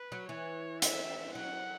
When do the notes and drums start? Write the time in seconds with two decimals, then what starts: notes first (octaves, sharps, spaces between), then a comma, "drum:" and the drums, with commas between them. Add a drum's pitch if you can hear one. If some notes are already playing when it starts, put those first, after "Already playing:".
Already playing: B4
0.12 F#3
0.28 E3 C#5
0.82 E5, drum: hi-hat
1.35 F#3 F#5